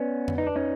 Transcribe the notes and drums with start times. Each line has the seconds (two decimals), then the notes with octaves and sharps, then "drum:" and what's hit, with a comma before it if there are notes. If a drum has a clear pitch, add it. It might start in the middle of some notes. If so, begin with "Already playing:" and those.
Already playing: B3 C#4 B4 D5
0.28 drum: tom F2
0.38 D#4 B4
0.47 D4
0.56 C#4 D#4